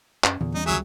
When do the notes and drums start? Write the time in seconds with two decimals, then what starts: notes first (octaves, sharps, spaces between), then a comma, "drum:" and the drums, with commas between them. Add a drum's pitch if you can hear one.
0.24 F#2 C#4, drum: clap
0.41 E2 A#2 D3
0.55 G3 C#4 D#4
0.66 C#2 D3 F#3 G3 G#4 E5